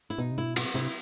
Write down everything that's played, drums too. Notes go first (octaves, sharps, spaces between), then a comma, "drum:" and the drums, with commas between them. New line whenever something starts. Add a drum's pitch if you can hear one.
E4
B2 D#4
C3
B2 E4
F#4, drum: cymbal
C3 E4